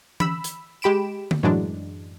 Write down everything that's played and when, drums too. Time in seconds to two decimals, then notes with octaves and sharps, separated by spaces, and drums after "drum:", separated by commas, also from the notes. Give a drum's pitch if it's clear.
0.20 B5 E6, drum: tom E3
0.44 drum: hi-hat
0.82 G#3 G4 B5 D7 E7
1.31 drum: tom D3
1.43 F#2 A2 E3 F#3 G#3 D4